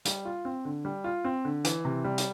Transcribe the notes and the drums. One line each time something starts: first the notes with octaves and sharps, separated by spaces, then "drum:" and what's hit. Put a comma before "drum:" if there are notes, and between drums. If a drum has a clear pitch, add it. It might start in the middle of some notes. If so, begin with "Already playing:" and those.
G3, drum: hi-hat
F4
C4
D3
G3
F4
C4
D3
E3, drum: hi-hat
C3
G3
drum: hi-hat